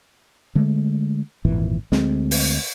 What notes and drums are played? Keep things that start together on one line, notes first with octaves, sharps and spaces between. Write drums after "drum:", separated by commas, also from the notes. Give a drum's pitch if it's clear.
D3 G#3 A3
G#1 F2 A#2 E3
D2 G#3 C4, drum: snare
drum: open hi-hat